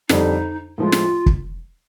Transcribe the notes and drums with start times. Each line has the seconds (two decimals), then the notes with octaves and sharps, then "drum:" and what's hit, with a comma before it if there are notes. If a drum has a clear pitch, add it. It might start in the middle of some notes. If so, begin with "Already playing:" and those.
0.09 F2 D3 G3 D#4, drum: snare
0.78 A2 F3 G#3 F4
0.92 drum: snare
1.26 drum: kick